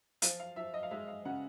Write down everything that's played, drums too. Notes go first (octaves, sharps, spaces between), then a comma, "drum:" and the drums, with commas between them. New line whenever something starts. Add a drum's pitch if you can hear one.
F3 F5, drum: hi-hat
F5
F3 E5
D#5
F5
G#3 E5
F5
C#3 F#5